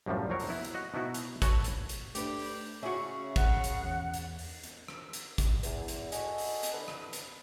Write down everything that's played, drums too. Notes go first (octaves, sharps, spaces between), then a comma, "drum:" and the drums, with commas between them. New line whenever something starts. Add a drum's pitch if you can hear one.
C2 F#2 A2 F3 G3
F2 F#3 C4 A#4 C#5
drum: open hi-hat
B3 E4
drum: hi-hat
F#4 D#5 F#5
B2 B3 D#4 E4 F#4
drum: hi-hat
F#4 A4 B4 C#5 F#5 G#5, drum: kick, hi-hat
drum: hi-hat
drum: hi-hat
A3 D4 G4 B4, drum: hi-hat
drum: open hi-hat
C#3 C#4 F#4 E5 C#6
F#5, drum: kick, hi-hat
drum: hi-hat
E2
drum: hi-hat
drum: open hi-hat
drum: hi-hat
drum: rim click
drum: hi-hat
drum: kick, hi-hat
E2, drum: hi-hat
drum: hi-hat
F#4 G#4 A4 D#5, drum: hi-hat
drum: open hi-hat
drum: hi-hat
C2 D3 B4
drum: rim click
drum: hi-hat